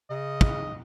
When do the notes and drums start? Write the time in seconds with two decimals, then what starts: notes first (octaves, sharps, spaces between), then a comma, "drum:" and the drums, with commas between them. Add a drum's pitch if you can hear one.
0.10 C#3 D#5
0.41 drum: kick